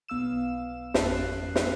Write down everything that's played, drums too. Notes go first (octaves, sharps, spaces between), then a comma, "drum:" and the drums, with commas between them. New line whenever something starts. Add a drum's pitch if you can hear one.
B1 B3 F5 E6 E7
G#1 F2 C#4 A5 F#6 C7, drum: snare
drum: snare